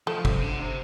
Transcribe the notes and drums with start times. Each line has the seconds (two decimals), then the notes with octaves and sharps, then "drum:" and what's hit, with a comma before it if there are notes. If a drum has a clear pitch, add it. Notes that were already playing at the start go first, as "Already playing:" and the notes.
0.07 F3 A3
0.25 C3, drum: kick
0.41 D3
0.59 C3